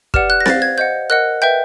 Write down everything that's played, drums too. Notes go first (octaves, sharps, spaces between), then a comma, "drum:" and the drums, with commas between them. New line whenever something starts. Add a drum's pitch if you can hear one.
G4 B4 D5 F#5 F6, drum: kick
F#6
A#6
C5 F5 A6, drum: snare C4
G#6
C5 D#5 F#5 G6
A#4 D#5 F#5 F#6
B4 E5 G5 G6